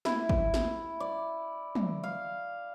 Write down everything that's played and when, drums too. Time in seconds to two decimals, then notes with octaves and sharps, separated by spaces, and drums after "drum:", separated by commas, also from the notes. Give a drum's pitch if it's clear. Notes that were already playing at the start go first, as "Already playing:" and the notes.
0.05 E4, drum: snare
0.29 drum: kick G#1
0.54 drum: snare
1.00 D5
1.75 drum: tom
2.04 F5